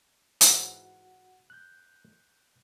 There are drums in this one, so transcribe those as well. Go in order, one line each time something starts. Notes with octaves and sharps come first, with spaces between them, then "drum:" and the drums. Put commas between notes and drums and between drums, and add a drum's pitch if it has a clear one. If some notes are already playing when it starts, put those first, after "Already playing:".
G#2 E3 F#4 F#5, drum: hi-hat
F#6 G6